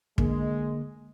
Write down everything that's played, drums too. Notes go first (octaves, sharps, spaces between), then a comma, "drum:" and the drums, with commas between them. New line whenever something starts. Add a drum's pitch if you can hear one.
D3 G#3 A#3, drum: kick